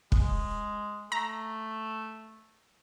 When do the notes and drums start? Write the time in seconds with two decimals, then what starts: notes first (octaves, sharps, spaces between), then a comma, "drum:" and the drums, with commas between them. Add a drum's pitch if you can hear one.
0.12 G#3, drum: kick
1.12 A3 A#5